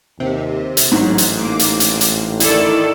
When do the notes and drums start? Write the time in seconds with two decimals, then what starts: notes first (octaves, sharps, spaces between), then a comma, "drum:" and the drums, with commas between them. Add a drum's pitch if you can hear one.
0.20 D#2 C3
0.77 drum: hi-hat
0.92 A1 G#2 F#3
1.18 drum: hi-hat
1.39 A#3 D6
1.59 drum: hi-hat
1.80 drum: hi-hat
2.01 drum: hi-hat
2.40 D#3 E4 A4 D5, drum: hi-hat